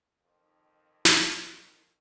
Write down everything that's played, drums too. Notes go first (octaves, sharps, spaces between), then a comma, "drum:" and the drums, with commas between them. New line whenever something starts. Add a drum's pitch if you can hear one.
F2 D#3
drum: snare